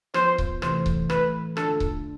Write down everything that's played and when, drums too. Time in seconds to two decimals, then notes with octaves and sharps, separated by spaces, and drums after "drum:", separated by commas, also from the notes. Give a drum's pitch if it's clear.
0.14 F3 B3 F4 C5, drum: rim click
0.38 drum: kick C#1
0.62 C3 E3 A3 C5, drum: rim click
0.86 drum: kick C#1
1.10 A2 E3 A3 B4, drum: rim click
1.57 D3 A3 D4 F4 A4, drum: rim click
1.80 drum: kick C#1